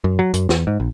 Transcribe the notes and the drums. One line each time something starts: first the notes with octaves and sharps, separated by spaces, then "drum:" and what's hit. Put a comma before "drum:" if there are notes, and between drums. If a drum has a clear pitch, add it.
F#2
F#3
F#2, drum: hi-hat
E2, drum: snare
G#2
A#1